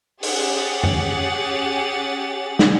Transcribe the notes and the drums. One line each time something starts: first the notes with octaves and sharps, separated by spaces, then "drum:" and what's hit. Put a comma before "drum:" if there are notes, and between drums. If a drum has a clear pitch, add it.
C#4 G4 G#4 F#5 A6, drum: open hi-hat
drum: tom F2
drum: snare